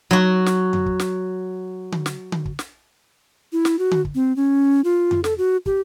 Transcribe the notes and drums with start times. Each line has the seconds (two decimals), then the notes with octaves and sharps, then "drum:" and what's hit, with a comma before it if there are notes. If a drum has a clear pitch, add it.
0.11 F#3 F#4
0.46 drum: snare
0.73 drum: tom F2
0.86 drum: kick
1.00 drum: snare
1.92 drum: tom D3
2.06 drum: snare
2.32 drum: tom D3
2.45 drum: kick
2.59 drum: snare
3.53 E4
3.65 drum: snare
3.79 F#4
3.91 drum: tom D3
4.05 drum: kick
4.15 C4
4.36 C#4
4.84 F4
5.11 drum: tom F2
5.24 A4, drum: snare
5.38 F#4
5.66 G4, drum: kick